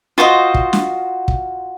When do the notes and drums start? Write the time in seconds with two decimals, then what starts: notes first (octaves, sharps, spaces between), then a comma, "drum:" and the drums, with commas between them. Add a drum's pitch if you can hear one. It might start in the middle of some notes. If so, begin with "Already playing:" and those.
0.18 F4 F#4 C5 D#5
0.54 drum: kick
0.73 drum: snare
1.28 drum: kick